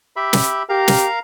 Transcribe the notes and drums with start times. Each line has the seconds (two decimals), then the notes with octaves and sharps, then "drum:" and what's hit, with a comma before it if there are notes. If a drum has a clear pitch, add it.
0.16 G4 E5 B5
0.33 drum: snare
0.69 G4 A#4 F5 A#5
0.88 drum: snare